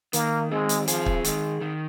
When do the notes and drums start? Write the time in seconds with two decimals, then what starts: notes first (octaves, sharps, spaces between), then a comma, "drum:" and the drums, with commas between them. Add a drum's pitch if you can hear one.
0.13 D#3 A#3, drum: hi-hat
0.51 G#3 C4
0.69 drum: hi-hat
0.88 F3 G#4, drum: hi-hat
1.06 drum: kick
1.24 D#3 G#3, drum: hi-hat
1.61 D#3